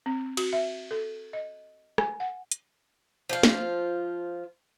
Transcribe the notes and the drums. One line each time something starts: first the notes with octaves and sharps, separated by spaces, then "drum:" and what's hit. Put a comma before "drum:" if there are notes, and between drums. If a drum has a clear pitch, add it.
C4
F#4, drum: cymbal
E5
A4
D#5
G#5, drum: rim click
F#5
drum: hi-hat
F3 F4
drum: snare